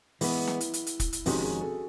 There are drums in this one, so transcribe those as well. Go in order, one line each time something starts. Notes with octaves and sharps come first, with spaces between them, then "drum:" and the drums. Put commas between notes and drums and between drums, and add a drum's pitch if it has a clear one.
E3 G#3 B3 E4, drum: open hi-hat
drum: snare
drum: hi-hat
drum: hi-hat
drum: hi-hat
drum: kick, hi-hat
drum: hi-hat
F2 C3 D#3 G#3 C#4 F#4, drum: open hi-hat
G#4
A4